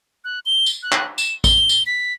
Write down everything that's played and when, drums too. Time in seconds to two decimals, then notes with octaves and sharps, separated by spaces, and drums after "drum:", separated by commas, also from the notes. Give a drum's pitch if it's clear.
0.25 F#6
0.46 G7
0.66 drum: tambourine
0.83 F#6
0.92 drum: clap
1.18 E7, drum: tambourine
1.44 G7, drum: kick A1, tambourine
1.69 drum: tambourine
1.86 B6